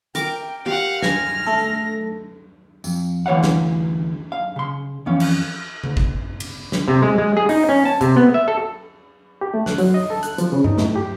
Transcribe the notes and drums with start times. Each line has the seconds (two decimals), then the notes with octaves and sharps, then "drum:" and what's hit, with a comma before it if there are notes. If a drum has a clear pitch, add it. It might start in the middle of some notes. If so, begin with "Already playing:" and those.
0.15 A#4 G5 D6, drum: hi-hat
0.66 G4 F5 F#5
1.02 G#5 F6 A#6, drum: snare
1.46 A3 A4
2.84 F2, drum: tambourine
3.26 D2 E3 C#5 F5 F#5
3.43 drum: snare
4.32 F5
4.56 C#3 C6
5.06 F2 E3 C#4 F5
5.20 drum: cymbal
5.84 drum: tom C#3
5.97 drum: kick G#1
6.40 drum: cymbal
6.72 drum: snare
6.88 C3
7.02 G#3
7.18 G#3
7.37 G#4
7.49 D#4, drum: open hi-hat
7.69 C#4
7.85 A5
8.01 C3, drum: hi-hat
8.16 B3
8.34 E5
8.48 A4
9.41 G4
9.54 A3
9.66 F#6, drum: snare
9.78 F#3, drum: open hi-hat
9.94 D#5
10.10 A4
10.23 F#6, drum: hi-hat
10.38 F3, drum: hi-hat
10.52 C#3
10.64 D#4, drum: tom G2
10.78 A2, drum: snare
10.96 G4